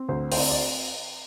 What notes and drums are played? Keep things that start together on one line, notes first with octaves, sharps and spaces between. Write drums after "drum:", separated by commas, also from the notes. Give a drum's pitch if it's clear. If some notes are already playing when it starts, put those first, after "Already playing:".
Already playing: C4
D2 C5
C5, drum: open hi-hat
C4 D5
D5